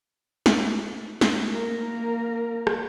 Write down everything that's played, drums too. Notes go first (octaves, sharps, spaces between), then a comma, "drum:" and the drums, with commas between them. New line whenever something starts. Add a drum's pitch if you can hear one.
drum: snare
drum: snare
A#3 A#4
drum: rim click